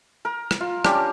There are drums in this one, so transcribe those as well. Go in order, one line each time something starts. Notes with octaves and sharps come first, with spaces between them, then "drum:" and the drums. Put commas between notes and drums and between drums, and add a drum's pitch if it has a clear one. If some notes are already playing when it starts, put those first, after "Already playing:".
A#4
drum: rim click
F4
C#4 D4 G4 A#4, drum: rim click